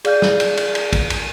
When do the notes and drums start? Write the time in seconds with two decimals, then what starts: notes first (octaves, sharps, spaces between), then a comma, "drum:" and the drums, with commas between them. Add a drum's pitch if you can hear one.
0.05 G#4 D5 F5 F6 G6, drum: cymbal
0.22 drum: snare
0.40 drum: cymbal
0.57 drum: cymbal
0.75 drum: cymbal
0.93 drum: kick, cymbal
1.10 drum: cymbal